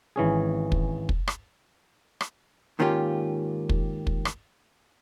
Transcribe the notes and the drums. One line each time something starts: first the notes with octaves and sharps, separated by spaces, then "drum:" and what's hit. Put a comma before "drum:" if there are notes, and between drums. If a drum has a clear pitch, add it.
G#1 E3 C#4 G#4
drum: kick
drum: kick
drum: rim click
drum: rim click
G#2 D#3 A#3 C#4 F4 G4
drum: kick
drum: kick
drum: rim click